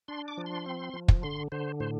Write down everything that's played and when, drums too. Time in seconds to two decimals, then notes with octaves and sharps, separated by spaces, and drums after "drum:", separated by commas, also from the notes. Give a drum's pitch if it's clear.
0.08 D4 C6
0.28 D6
0.38 F3
0.46 C6
0.66 C4
0.94 F3
1.08 drum: kick
1.23 D3 C6
1.52 D3 C5
1.80 A2 C5